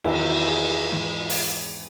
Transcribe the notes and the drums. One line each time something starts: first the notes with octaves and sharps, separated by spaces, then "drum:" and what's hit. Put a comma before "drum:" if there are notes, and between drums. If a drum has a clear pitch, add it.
E2 D#3 F#3 E4, drum: cymbal
E4
G#4
G#4
G#2 E3
drum: open hi-hat